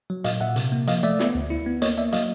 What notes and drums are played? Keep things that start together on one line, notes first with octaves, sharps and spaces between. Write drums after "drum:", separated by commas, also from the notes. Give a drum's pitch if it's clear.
F#3
A#2 D#5 F5, drum: hi-hat
A#2 E5 F#5
C3, drum: hi-hat
A#3
F3 D#5 F5, drum: hi-hat
A3 D5 E5
B3, drum: snare
D2
E4
B3
A#3 C#5 D#5, drum: hi-hat
A#3 D5 E5
F#3 D#5 F5, drum: hi-hat